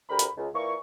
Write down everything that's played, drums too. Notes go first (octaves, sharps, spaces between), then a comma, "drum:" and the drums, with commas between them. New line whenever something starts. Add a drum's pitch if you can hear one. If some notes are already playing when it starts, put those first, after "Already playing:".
D2 G4 A#4 B5
drum: hi-hat
C#2
A#2 E3 A#3 C#6